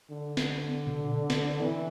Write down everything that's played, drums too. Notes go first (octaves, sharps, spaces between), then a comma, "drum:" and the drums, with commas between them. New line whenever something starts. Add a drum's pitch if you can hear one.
D3
drum: snare
drum: tom A#2
drum: snare
E3